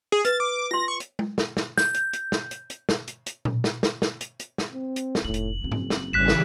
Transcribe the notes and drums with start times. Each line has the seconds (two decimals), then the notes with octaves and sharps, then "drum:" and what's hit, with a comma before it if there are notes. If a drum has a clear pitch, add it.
0.12 G#4
0.25 B4 A6, drum: hi-hat
0.40 D6
0.71 F4 C6 A#6
0.88 C#6
1.00 drum: hi-hat
1.19 drum: tom G#3
1.38 drum: snare
1.57 drum: snare
1.78 G6, drum: snare
1.94 drum: hi-hat
2.13 drum: hi-hat
2.32 drum: snare
2.51 drum: hi-hat
2.70 drum: hi-hat
2.89 drum: snare
3.08 drum: hi-hat
3.26 drum: hi-hat
3.45 drum: tom A#2
3.64 drum: snare
3.83 drum: snare
4.02 drum: snare
4.21 drum: hi-hat
4.40 drum: hi-hat
4.58 drum: snare
4.72 C4
4.96 drum: hi-hat
5.15 drum: snare
5.25 F1 A2 D#4 F#7
5.34 drum: hi-hat
5.61 F#1 F#3 C4
5.72 drum: tom G#2
5.90 drum: snare
6.13 G#1 C#3 E3 G3 B3 F#6 B6 E7
6.28 drum: snare